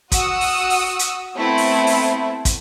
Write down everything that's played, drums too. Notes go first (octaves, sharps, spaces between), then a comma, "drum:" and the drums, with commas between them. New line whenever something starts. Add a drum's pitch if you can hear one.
F#4 F#5 D#6 E6, drum: kick, hi-hat
drum: open hi-hat
drum: open hi-hat
drum: hi-hat
A3 B3 C4 E4 A4
drum: open hi-hat
drum: open hi-hat
drum: kick, hi-hat